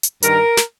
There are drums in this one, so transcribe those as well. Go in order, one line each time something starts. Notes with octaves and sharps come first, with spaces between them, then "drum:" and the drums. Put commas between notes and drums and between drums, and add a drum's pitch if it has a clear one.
drum: hi-hat
G2 D#3 G3 A#4, drum: hi-hat
drum: snare